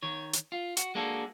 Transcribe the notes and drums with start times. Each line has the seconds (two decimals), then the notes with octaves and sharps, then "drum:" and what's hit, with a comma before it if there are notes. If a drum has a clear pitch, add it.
0.03 D#3 C#5
0.33 drum: hi-hat
0.52 F4
0.77 F#4, drum: hi-hat
0.95 G#3 A#3 D4 F#4 A4